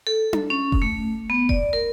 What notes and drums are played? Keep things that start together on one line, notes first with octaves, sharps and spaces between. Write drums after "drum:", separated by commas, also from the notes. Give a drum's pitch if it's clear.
A4
drum: tom D4
C#4
drum: kick F1
A3
B3
D5, drum: kick F1
A#4